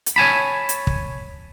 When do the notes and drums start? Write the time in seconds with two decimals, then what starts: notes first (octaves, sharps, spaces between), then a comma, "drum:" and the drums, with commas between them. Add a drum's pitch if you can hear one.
0.06 drum: hi-hat
0.16 C#5 G#5 A5 B5
0.69 drum: hi-hat
0.87 drum: kick